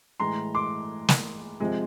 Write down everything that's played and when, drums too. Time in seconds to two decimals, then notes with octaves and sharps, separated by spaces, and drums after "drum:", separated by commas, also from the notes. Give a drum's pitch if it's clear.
0.20 A2 E3 G#3 A#5 C6
0.54 C6 D6
1.09 drum: snare
1.60 C3 F3 G#3